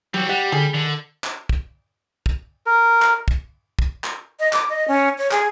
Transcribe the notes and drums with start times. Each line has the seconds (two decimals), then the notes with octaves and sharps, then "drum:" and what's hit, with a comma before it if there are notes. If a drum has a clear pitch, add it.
0.14 E3 F#3 F#4 G4
0.29 G3 G4 F#5
0.52 D3 G#4
0.74 D3 D#3
1.24 drum: clap
1.49 drum: kick
2.26 drum: kick
2.66 A#4
3.02 drum: clap
3.28 drum: kick
3.79 drum: kick
4.04 drum: clap
4.40 D#5
4.53 D6, drum: clap
4.69 D#5
4.88 C#4
5.18 C#5
5.31 G#4, drum: clap